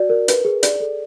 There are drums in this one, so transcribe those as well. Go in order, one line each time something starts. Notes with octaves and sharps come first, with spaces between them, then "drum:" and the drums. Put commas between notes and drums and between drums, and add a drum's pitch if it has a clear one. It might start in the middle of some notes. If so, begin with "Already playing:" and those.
Already playing: F#4 D5
A#4
B4, drum: hi-hat
G#4
D5, drum: hi-hat
A4